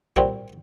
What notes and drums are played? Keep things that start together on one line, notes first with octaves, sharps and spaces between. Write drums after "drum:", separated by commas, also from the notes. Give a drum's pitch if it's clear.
A#2 G3 C4 F#4, drum: kick B1